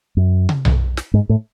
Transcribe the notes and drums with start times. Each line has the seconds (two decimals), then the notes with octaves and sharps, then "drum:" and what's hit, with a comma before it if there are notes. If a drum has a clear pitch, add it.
0.17 F#2
0.49 drum: tom
0.65 drum: tom B1
0.97 drum: snare
1.14 G#2
1.29 A2